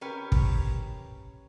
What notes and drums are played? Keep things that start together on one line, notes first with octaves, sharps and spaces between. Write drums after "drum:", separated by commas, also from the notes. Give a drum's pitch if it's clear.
C#4 G4 A#4 B4
drum: kick